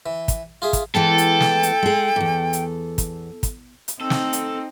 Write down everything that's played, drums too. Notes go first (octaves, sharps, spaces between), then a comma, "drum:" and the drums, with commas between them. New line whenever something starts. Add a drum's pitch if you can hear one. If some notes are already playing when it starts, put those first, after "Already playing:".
E3
drum: kick, hi-hat
F4 G#4 E5
drum: kick, hi-hat
E3 G#3 B3 A4 G5
drum: hi-hat
drum: snare
drum: hi-hat
G#3 G#4
E2 G#2
drum: hi-hat
drum: kick, hi-hat
drum: kick, hi-hat
drum: hi-hat
C4 D#4 A4
drum: snare
drum: hi-hat